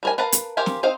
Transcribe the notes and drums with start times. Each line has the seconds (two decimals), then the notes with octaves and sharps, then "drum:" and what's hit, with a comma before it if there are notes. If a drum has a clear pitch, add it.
0.03 G3 A#4 G#5
0.18 A#4 B4 F5 A5 A#5
0.32 drum: hi-hat
0.57 G4 A#4 C5 F5 G#5
0.66 drum: snare
0.83 C4 D#4 C5 F5